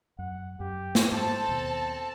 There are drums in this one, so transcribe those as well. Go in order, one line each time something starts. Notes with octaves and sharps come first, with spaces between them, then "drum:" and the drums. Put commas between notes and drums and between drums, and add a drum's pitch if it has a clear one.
F#2 F#5
F#2 G4
drum: snare
G#2 C4 A4 C5 A5
D#2 B2